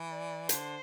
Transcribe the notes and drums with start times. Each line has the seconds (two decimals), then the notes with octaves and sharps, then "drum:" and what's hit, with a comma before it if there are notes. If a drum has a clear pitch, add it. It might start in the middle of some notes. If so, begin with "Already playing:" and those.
Already playing: E3
0.10 D5
0.49 D3 C5, drum: hi-hat